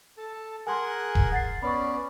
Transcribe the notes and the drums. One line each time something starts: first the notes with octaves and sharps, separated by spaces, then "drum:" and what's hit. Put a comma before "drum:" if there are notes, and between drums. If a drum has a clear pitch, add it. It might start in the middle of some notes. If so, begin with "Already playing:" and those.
A4 A5
G#4 A#4 F#5 G#5 C6
drum: kick D#1
F#5 A6 C7
B3 C#4 D5 B5 C#6